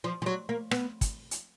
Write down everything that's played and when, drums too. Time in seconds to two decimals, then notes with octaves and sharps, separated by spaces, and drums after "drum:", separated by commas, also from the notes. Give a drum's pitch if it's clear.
0.04 F3
0.22 F3
0.26 F#3
0.49 A#3
0.71 B3, drum: rim click
1.01 drum: kick, hi-hat
1.31 drum: hi-hat